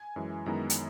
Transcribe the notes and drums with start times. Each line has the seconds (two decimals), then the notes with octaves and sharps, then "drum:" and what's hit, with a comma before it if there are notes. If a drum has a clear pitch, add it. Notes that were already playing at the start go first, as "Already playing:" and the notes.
Already playing: G#5
0.16 F#2 E3 G#3
0.46 F#2 D#3 G#3 B3 E4 A#5
0.70 drum: hi-hat